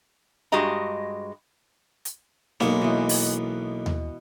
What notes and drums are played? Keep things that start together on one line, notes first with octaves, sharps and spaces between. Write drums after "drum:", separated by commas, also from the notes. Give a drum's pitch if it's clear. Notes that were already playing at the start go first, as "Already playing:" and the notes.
G2 G#3 F#4 G4 D#5 A#5
drum: hi-hat
B1 F#3 G#3 A#3 B3, drum: snare D#4
B2 E3
drum: open hi-hat
drum: tom D#2